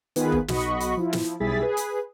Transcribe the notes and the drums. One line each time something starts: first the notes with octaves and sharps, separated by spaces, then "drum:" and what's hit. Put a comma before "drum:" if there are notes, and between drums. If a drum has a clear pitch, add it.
D#3 B3 F4 G#4 B4, drum: hi-hat
drum: kick F#1
B1 F#4 D#5 B5 C#6, drum: snare
drum: hi-hat
F3 E4
drum: snare
B1 G3 E4 G#4 A6 B6
G#4 B4
drum: hi-hat